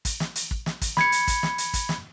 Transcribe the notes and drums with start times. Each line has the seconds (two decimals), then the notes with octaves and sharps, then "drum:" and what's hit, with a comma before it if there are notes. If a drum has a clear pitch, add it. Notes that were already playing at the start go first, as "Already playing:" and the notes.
0.05 drum: kick, hi-hat
0.20 drum: snare
0.36 drum: hi-hat
0.51 drum: kick
0.66 drum: snare
0.82 drum: kick, hi-hat
0.97 B5 G#6 C#7, drum: snare
1.12 drum: hi-hat
1.28 drum: kick, hi-hat
1.43 drum: snare
1.58 drum: hi-hat
1.74 drum: kick, hi-hat
1.89 drum: snare